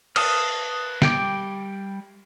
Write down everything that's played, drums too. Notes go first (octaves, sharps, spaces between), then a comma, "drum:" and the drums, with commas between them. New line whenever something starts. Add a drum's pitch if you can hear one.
B4 A5 D#6 F6, drum: cymbal
G3 G5 D6, drum: snare